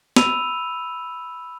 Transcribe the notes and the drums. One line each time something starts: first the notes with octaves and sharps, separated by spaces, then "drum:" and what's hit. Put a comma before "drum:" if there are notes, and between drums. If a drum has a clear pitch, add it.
B5 E6 D#7 F7, drum: snare